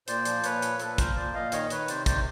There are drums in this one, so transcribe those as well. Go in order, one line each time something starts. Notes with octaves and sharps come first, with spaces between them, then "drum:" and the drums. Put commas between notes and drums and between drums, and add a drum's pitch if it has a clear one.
A#2 C5 D5, drum: hi-hat
F3, drum: hi-hat
A#2 B4 C#5, drum: hi-hat
F3, drum: hi-hat
A#2 A4 B4, drum: hi-hat
F3 A#4 C5, drum: kick, hi-hat
A#2 C5 D5
A#2 D#5 F5
D#3 C#5 D#5, drum: hi-hat
D#3 B4 C#5, drum: hi-hat
C3 C5 D5, drum: hi-hat
D#3 C5 D5, drum: kick, hi-hat